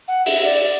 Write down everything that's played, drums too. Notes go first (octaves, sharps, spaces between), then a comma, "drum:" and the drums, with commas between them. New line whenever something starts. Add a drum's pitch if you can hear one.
F#5
E5, drum: open hi-hat
D5
D5